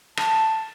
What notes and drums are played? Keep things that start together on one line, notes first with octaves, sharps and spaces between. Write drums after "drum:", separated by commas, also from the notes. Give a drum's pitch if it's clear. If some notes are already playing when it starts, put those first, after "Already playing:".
A5, drum: rim click